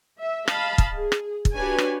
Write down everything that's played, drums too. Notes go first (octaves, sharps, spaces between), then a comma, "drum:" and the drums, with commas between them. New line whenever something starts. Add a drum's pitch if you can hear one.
E5
D#5 F5 A5 B5, drum: rim click
drum: kick
G#4
drum: rim click
drum: kick
D4 F#4 G4 B4 C#5 G#5
drum: rim click